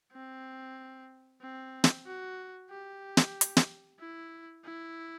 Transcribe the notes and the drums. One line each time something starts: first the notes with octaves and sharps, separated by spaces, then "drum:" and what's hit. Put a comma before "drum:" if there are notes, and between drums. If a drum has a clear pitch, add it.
C4
C4
drum: snare
F#4
G4
drum: snare
drum: hi-hat
drum: snare
E4
E4